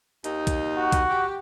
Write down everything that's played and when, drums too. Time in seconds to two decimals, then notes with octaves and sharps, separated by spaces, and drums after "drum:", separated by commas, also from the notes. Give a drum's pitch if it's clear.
0.24 D#2 D#4, drum: hi-hat
0.47 drum: kick, hi-hat
0.76 F#4
0.92 drum: kick, hi-hat
1.10 G4